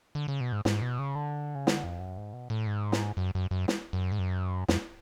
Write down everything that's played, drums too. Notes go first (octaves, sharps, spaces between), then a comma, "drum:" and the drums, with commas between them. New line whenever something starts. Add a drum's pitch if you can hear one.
D3
C#3
B2
G#2
G#2, drum: snare
B2
C#3
D3
C#3
D3, drum: snare
F2
F#2
G#2
B2
A2
G#2
drum: snare
F#2
F#2
F#2
drum: snare
F#2
G#2
F#2
F2, drum: snare